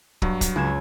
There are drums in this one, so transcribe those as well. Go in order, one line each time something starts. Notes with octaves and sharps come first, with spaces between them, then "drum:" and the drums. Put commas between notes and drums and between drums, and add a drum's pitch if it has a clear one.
G2 F#3, drum: kick
drum: kick, hi-hat
C#2 G#6 E7